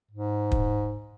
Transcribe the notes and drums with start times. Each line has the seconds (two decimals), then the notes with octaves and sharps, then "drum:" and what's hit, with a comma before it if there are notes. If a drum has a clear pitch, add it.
0.11 G#2
0.51 drum: kick